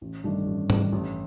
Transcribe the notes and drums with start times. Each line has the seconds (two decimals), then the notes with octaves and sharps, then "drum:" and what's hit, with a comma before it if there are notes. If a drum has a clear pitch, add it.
0.01 A1
0.24 G2 D#3 A3 D4
0.46 A1
0.70 G2 D#3 A3 D4, drum: tom G#2
0.92 A1